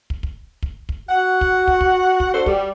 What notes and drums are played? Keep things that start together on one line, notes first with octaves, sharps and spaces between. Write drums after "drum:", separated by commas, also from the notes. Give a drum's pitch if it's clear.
drum: kick
drum: kick
drum: kick
drum: kick
F#4 F#5
drum: kick
drum: kick
drum: kick
drum: kick
D4 A4 C5
G3, drum: kick